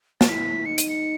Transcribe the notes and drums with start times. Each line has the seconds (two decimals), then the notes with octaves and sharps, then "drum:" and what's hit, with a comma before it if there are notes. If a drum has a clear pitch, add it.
0.21 A6, drum: snare
0.28 E4 B6
0.66 D#4 C#7
0.78 D#7, drum: hi-hat
0.89 C#7